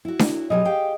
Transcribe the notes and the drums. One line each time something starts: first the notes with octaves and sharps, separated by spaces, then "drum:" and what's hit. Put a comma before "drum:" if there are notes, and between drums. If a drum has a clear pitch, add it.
E4 F#4
drum: snare D4
B2 F#3 G4 G#4 D#5
G4 F5 G5